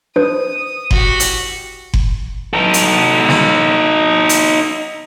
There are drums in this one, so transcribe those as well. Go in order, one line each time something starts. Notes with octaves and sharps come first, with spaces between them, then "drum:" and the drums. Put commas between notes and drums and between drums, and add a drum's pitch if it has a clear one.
D4 B4 C5 D#6
F#4 G4, drum: kick F#1
drum: hi-hat
drum: kick F#1
D#4 A4
drum: hi-hat
drum: snare
drum: hi-hat